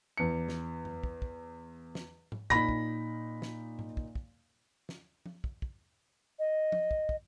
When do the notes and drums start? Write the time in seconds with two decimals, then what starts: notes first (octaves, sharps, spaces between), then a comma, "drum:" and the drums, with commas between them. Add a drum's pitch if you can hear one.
0.17 E2 C#7
0.48 drum: snare
0.85 drum: tom F2
1.04 drum: kick
1.22 drum: kick
1.95 drum: snare
2.32 drum: tom G#2
2.50 A#2 D#4 B5 A#6, drum: kick
2.69 drum: kick
3.42 drum: snare
3.79 drum: tom G#2
3.97 drum: kick
4.15 drum: kick
4.89 drum: snare
5.26 drum: tom F3
5.44 drum: kick
5.62 drum: kick
6.39 D#5
6.72 drum: tom F3
6.91 drum: kick
7.09 drum: kick